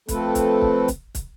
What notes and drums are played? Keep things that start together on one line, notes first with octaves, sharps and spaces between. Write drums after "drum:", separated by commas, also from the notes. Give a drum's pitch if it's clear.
F3 A3 C4 A4 B4, drum: kick, hi-hat
drum: kick, hi-hat
drum: kick
drum: kick, hi-hat
drum: kick, hi-hat